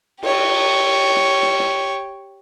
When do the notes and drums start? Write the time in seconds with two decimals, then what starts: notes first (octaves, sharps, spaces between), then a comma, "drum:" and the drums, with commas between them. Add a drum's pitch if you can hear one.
0.23 G4 C#5, drum: cymbal
1.16 drum: snare
1.42 drum: snare
1.59 drum: snare